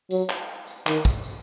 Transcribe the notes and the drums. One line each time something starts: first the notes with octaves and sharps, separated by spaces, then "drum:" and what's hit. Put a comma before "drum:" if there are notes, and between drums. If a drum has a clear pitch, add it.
F#3, drum: tambourine
drum: clap
drum: tambourine
D#3, drum: clap
drum: kick, tambourine
drum: tambourine